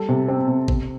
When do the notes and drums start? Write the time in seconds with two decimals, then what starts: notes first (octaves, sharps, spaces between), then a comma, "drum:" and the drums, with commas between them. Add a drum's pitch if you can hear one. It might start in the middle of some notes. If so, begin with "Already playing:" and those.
Already playing: G3 A4
0.09 C3
0.28 C4
0.48 C3
0.68 C3, drum: kick G#1